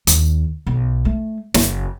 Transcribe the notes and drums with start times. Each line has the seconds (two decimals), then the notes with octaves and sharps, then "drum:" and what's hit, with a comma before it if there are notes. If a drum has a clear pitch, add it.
0.07 D#2, drum: hi-hat
0.67 B1
1.05 A3
1.54 F#1, drum: snare